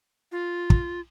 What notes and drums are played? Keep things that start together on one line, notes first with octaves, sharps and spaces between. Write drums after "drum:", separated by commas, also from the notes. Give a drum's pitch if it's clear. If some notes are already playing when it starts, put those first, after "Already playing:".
F4
drum: kick